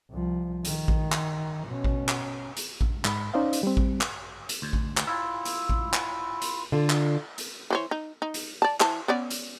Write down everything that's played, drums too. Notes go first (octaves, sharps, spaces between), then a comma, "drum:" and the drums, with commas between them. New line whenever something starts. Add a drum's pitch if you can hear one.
C2 F3
D#3, drum: hi-hat
drum: kick A1
drum: clap
B2 C#4
drum: kick A1
drum: clap
drum: hi-hat
drum: kick A1
G#2 B5, drum: clap
C#4 D#4 C5 D5 D#5 F5
drum: hi-hat
G3 C4
drum: kick A1
drum: clap
drum: hi-hat
D2
drum: kick A1
drum: clap
E4 F4
drum: hi-hat
drum: kick A1
drum: clap
drum: hi-hat
D3 F4
drum: clap
drum: hi-hat
E3 C5 C#5
D#4
D#4
drum: hi-hat
D5 A5
E3 C5 A5, drum: clap
B3 C#4 D5
drum: hi-hat